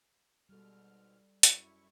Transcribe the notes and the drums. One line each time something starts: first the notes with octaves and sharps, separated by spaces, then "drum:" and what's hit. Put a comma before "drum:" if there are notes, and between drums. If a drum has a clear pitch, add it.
G#2 B2 G3 A4 F6
F#2 E4 C#6, drum: hi-hat